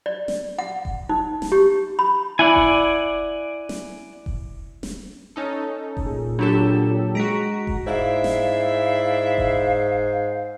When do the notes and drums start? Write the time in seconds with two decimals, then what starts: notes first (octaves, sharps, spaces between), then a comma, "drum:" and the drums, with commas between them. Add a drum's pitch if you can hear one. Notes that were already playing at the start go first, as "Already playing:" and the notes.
0.06 D5
0.28 drum: snare
0.59 F#5
0.85 drum: kick F1
1.09 D#4
1.42 drum: snare
1.52 G4
1.99 B5
2.39 E4 D5 F#5 G#5
2.56 drum: kick F1
3.69 drum: snare
4.26 drum: kick F1
4.83 drum: snare
5.36 C#4 D#4 A4
5.97 drum: kick F1
6.06 A#2 G#4
6.39 F#3 D4 G4 A4 E7
7.15 G#3 F#4 A#5 B6 D7
7.67 drum: kick F1
7.86 G#2 E4 D5 E5 F5
8.24 drum: snare
9.38 drum: kick F1